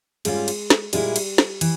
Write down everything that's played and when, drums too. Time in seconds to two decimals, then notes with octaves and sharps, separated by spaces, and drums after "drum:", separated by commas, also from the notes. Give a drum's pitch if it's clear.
0.25 G#2 G3 G#3 C#4 F4, drum: cymbal
0.48 drum: cymbal
0.70 drum: snare
0.93 A#2 G3 G#3 E4 A#4, drum: cymbal
1.16 drum: cymbal
1.38 drum: snare
1.61 E3, drum: cymbal